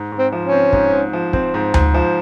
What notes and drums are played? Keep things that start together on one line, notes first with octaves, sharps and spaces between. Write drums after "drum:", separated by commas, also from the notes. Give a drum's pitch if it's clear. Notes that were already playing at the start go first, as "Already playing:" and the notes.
Already playing: G#2
G#2
C4
F3
C#4
C4
G#2, drum: kick
G#2
F3
C4, drum: kick
G#2
G#2, drum: tom D2
F3